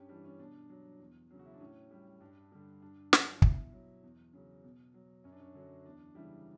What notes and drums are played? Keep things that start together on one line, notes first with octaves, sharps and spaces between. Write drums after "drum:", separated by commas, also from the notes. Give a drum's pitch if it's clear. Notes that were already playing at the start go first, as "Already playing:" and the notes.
Already playing: G2 C#4 G4
E3 G3 D4
C#4
B2 D4
F#3
E2
C#3 F#3
F#4
E4
D4
A2 C#4
G3
G2 D4
D3 G3
G2 D4
F#3, drum: snare
B2 E4, drum: kick
F#3
E2
C#3 F#3
B2
F#3
F#2 C#4
D4
C#4
D3 F#3
E2 D4
C#3 E3 G3 E4